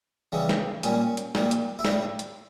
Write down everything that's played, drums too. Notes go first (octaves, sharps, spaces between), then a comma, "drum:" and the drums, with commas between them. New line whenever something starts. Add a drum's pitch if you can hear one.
C#3 E3 G3
drum: snare
A#2 G3 C#4, drum: hi-hat
drum: hi-hat
A#2 G3, drum: snare
drum: hi-hat
E4
A2 G3 D4, drum: snare
drum: hi-hat